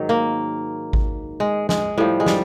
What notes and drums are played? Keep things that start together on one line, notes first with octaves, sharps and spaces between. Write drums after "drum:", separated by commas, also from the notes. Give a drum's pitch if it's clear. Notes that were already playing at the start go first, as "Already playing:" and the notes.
Already playing: G#2 D#3 F#3
A#3
drum: kick G#1
G#3
G#3, drum: snare
A2 F3 G3
G#3
G3, drum: snare